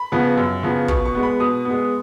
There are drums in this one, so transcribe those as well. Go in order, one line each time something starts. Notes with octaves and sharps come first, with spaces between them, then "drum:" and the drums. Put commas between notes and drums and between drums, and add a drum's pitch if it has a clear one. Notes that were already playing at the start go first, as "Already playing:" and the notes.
Already playing: B5
C#3 F3 B3
F#2
C#3 F3 B3
B2 C#6, drum: kick
C#6
G#3 B3
B5
B2 D#6
G#3 B3